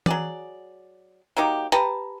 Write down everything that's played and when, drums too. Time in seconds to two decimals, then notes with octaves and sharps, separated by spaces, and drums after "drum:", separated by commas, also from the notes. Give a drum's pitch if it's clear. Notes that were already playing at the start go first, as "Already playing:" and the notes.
0.06 F#3 G#4 D5, drum: tom
1.37 F#3 A#3 D#4 G4
1.72 G4 B4 A5 A#5, drum: hi-hat